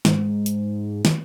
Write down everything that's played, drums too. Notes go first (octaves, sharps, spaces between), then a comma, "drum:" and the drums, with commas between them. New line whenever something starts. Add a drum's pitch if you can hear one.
G#2, drum: snare
drum: hi-hat
drum: snare